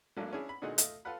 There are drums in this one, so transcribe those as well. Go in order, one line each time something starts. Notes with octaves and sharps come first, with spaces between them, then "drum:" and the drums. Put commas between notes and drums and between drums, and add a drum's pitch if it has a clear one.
G#1 F#3 A3 A#3 D4
C#4 D4 E4 G#4
B5
A#2 D3 G#3 D#4 F#4 G#4
A3 F4 D#5, drum: hi-hat
F4 A4 B4 F#5 B5